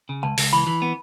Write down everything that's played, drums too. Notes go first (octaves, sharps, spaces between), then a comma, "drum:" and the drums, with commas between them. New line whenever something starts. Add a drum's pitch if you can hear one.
C#3
C#2 A5
C#2, drum: open hi-hat
E3 B5
E3
B3